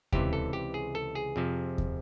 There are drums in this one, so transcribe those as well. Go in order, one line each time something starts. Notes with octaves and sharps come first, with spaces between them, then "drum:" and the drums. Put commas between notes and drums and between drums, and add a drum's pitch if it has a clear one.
C#2 C3 E3 G4, drum: kick D#2
A4
G4
G#4
A4
G#4
F2 C3 F3
drum: kick D#2